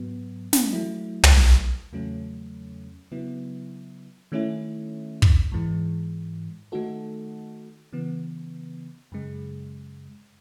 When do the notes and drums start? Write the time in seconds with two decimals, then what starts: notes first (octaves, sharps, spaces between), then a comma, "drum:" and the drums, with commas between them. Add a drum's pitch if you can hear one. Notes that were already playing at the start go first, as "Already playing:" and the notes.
Already playing: G#2 F#3 B3
0.53 drum: snare
0.73 F#3 A3 E4
1.23 drum: tom
1.93 E2 C#3 F#3 A3 C#4
3.12 C#3 F#3 B3 E4
4.32 D#3 A3 C#4 E4
5.22 drum: kick
5.52 G#2 E3 G#3
6.72 D#3 A3 D#4 F#4 A4
7.93 C#3 E3 B3
9.12 F#2 C#3 G#3